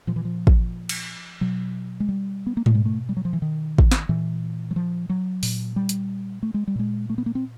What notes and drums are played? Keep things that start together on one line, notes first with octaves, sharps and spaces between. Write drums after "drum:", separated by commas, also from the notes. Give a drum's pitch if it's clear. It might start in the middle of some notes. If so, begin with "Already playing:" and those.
A#2 F3
E3
F3
drum: kick
drum: cymbal
B2 F#3
G#3
G3
B3
A#3
A3, drum: tom G#2
B2 G#3
A3
G3
F#3
F3
E3
D#3
drum: kick
drum: snare
A#2 E3
F#3
F3
F#3
A#2, drum: open hi-hat
G3
drum: hi-hat
A3
G#3
G3
A#2 G#3
A3
B3
A#3
C4